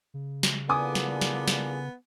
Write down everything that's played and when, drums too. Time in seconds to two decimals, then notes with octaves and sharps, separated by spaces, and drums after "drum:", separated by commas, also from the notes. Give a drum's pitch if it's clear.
0.14 C#3
0.43 drum: snare
0.69 E2 A#2 D3 B3 G#5 D6 D#6
0.95 drum: snare
1.21 drum: snare
1.48 drum: snare